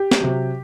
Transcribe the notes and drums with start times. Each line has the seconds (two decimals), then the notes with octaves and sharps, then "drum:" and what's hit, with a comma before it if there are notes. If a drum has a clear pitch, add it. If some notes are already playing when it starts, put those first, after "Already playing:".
Already playing: G4
0.11 drum: snare
0.21 C3 F#3